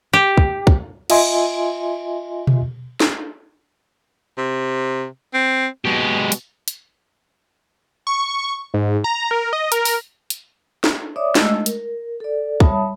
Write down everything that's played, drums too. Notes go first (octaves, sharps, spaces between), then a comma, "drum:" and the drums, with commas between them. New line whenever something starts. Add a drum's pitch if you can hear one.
G4
drum: kick
drum: kick
F4 D#5 E5 G#5 C6, drum: cymbal
drum: tom B2
drum: snare
C3
C4
B2 G#3 G4
drum: hi-hat
drum: hi-hat
C#6
G#2
A#5
A#4
D#5
A#4, drum: hi-hat
drum: open hi-hat
drum: hi-hat
drum: snare
C#5 D5 E5 D6 D#6
G#3 A3 D#5 E6, drum: snare
A#4, drum: hi-hat
A4 D5
G3 C#5 E5 A5 B5 D#6, drum: kick